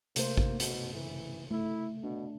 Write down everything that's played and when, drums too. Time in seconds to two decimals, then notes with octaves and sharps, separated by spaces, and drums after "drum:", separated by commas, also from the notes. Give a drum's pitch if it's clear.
0.16 C3 A3 A#3 C5, drum: hi-hat
0.37 drum: kick A1
0.60 B2, drum: hi-hat
0.94 C#3 E3
1.51 A3 E4
2.03 B2 D4